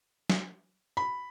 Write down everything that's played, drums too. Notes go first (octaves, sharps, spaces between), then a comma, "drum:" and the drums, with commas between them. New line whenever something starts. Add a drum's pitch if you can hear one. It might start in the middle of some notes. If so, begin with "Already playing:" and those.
drum: snare
B5